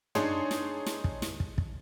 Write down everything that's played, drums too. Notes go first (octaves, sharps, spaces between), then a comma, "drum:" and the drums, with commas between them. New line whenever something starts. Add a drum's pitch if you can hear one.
D4 D#4 G#4 C#5 A5 C6, drum: tom
drum: snare
drum: snare
drum: kick
drum: snare
drum: kick
drum: kick